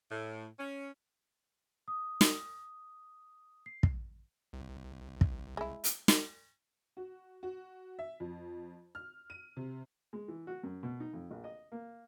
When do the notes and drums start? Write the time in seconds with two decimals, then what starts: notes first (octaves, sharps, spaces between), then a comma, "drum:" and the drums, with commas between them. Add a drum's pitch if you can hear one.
0.11 A2
0.59 C#4
1.88 D#6
2.21 drum: snare
3.66 C7
3.83 drum: kick
4.53 C2
5.21 drum: kick
5.57 G#3 E4
5.84 drum: hi-hat
6.08 drum: snare
6.97 F#4
7.43 F#4
7.99 E5
8.20 F2
8.95 F6
9.30 D#7
9.57 C3
10.13 G#3
10.28 E3
10.47 F#4
10.63 F#2
10.83 B2
11.00 D#4
11.13 F2
11.31 A#1
11.44 D#5
11.72 A#3